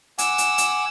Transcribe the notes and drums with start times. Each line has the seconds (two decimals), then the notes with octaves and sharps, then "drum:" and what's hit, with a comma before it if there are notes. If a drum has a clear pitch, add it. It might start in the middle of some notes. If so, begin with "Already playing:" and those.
0.18 F#5 G#5 D6 E6, drum: hi-hat
0.38 drum: hi-hat
0.58 drum: hi-hat